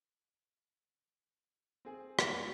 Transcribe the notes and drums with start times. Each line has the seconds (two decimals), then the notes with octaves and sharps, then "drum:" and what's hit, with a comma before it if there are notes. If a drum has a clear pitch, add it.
1.85 C4 G#4 G#5
2.19 G3 G#3 B3 D#4, drum: rim click